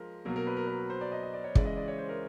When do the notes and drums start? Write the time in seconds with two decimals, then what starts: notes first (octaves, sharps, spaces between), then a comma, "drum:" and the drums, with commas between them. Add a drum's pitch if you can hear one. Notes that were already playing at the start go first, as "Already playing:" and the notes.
Already playing: F3 G#3 A#4
0.25 B2 F#3 A#3 A#4
0.36 A#4
0.47 B4
0.57 A#4
0.67 B4
0.90 C5
1.01 D5
1.12 D#5
1.23 D#5
1.34 D5
1.44 C#5
1.55 C#3 E3 G#3 D5, drum: kick
1.65 D#5
1.77 D5
1.88 C#5
1.98 C5
2.09 A#4